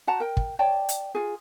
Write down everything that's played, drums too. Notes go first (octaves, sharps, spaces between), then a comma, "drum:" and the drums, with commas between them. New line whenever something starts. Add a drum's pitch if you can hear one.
F#4 F#5 A5 A#5
A#4 G5
drum: kick
C#5 D5 G5 A5
drum: hi-hat
F4 G#4